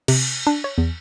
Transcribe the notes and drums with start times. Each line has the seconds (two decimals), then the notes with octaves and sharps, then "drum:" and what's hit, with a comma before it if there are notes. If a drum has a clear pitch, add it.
0.08 C3, drum: cymbal
0.47 D4
0.64 C#5
0.78 E2